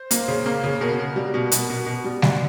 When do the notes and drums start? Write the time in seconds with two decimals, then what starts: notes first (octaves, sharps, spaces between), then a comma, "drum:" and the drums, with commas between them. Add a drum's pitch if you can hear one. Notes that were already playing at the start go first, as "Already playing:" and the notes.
Already playing: C5
0.11 A#3, drum: hi-hat
0.28 C#3
0.46 A#3
0.64 C#3
0.81 B2 A#4
0.99 B2
1.16 G3
1.34 B2
1.52 B2, drum: hi-hat
1.70 B2
1.86 B2
2.04 G3
2.22 D3, drum: snare G3